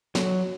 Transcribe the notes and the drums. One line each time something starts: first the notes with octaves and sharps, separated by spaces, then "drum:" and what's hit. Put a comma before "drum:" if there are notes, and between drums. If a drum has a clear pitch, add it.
F#3, drum: snare